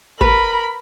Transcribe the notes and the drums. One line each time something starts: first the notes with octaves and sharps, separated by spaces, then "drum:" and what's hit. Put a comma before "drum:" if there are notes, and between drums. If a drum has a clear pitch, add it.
A#4 B4 B5, drum: kick